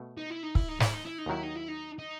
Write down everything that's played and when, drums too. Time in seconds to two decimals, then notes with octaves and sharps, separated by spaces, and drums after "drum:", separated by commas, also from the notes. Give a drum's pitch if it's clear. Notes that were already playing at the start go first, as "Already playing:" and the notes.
Already playing: B2 A3
0.18 D#4
0.30 E4
0.43 D#4
0.55 E4, drum: kick
0.69 D#4
0.80 E4, drum: snare
0.93 D#4
1.05 E4
1.18 D#4
1.26 D#2 D#3 F#3 E4
1.43 D#4
1.56 E4
1.68 D#4
1.99 D#4